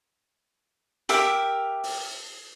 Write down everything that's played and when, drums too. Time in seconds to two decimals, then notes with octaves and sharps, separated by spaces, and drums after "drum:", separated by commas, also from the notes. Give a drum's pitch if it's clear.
1.09 G4 A#4 E5, drum: hi-hat
1.84 drum: open hi-hat